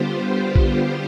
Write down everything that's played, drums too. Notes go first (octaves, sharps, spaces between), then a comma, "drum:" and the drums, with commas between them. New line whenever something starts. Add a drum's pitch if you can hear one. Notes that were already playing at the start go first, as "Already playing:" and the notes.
Already playing: D3 G3 B3 F4 G4 C5
G4
drum: kick A#1